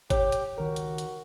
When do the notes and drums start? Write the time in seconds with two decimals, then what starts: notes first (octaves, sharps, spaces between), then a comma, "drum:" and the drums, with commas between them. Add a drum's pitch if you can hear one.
0.10 G4 C#5, drum: kick G1, hi-hat
0.32 drum: hi-hat
0.58 C#2 D#3 F#4 A#4
0.76 drum: hi-hat
0.98 drum: hi-hat